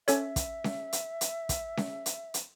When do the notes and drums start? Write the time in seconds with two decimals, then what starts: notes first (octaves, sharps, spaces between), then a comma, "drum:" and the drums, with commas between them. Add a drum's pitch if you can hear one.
0.08 C#4 A4 C#5 E5, drum: hi-hat
0.36 drum: kick, hi-hat
0.64 drum: snare C#4
0.93 drum: hi-hat
1.21 drum: hi-hat
1.49 drum: kick, hi-hat
1.77 drum: snare C#4
2.06 drum: hi-hat
2.34 drum: hi-hat